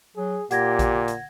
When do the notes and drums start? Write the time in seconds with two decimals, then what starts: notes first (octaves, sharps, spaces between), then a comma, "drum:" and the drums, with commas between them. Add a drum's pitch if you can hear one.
0.16 F#3 G#4
0.51 A#2 G4 F#5 G#6 A#6, drum: hi-hat
0.79 drum: kick A1, hi-hat
1.08 drum: hi-hat